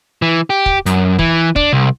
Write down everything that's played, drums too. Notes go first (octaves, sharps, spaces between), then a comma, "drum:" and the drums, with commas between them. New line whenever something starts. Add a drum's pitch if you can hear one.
E3
G4
drum: kick
F#2, drum: hi-hat
E3, drum: kick
D4, drum: kick
C2